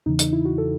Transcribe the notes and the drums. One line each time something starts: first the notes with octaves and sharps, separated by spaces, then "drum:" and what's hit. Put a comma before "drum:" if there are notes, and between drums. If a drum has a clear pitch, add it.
E2 C#3 E3 D#4
D#4, drum: hi-hat
E4
F#4
A4